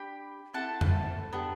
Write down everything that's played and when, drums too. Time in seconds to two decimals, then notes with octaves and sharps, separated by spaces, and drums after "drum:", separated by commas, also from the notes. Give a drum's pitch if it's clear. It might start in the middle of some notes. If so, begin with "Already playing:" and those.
Already playing: D4 G4 G5 B5
0.54 C4 E4 A4 F#5 A5
0.81 drum: tom F2
1.33 B3 D4 G4